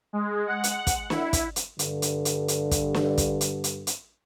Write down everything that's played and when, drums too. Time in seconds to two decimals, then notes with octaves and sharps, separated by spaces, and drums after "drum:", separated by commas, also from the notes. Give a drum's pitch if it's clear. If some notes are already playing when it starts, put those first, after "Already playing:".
0.13 G#3
0.47 F#5
0.64 drum: hi-hat
0.87 drum: kick, hi-hat
1.10 E4, drum: snare
1.33 drum: kick, hi-hat
1.56 drum: hi-hat
1.79 G2 D3, drum: hi-hat
2.02 drum: hi-hat
2.25 drum: hi-hat
2.48 drum: hi-hat
2.71 drum: kick, hi-hat
2.94 drum: snare
3.18 drum: kick, hi-hat
3.41 drum: hi-hat
3.64 drum: hi-hat
3.87 drum: hi-hat